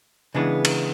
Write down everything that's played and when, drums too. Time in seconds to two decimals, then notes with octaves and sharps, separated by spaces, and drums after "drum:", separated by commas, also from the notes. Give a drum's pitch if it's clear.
0.35 C#3 E3 G#3 B3 D4
0.65 drum: cymbal